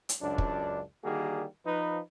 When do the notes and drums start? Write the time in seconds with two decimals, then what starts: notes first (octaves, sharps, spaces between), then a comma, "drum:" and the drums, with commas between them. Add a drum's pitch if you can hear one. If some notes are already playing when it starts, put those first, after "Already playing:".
0.09 drum: hi-hat
0.21 C#2 F#2 D4
0.38 drum: kick
1.04 D3 D#3 G3 A#3 F#4 G#4
1.65 F3 D#4 B4